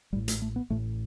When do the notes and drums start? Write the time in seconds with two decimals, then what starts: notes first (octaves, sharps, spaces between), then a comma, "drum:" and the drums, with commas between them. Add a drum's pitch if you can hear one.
0.13 A1 A2 G3
0.28 A3, drum: hi-hat
0.42 A3
0.56 B3
0.70 A1 A2 A3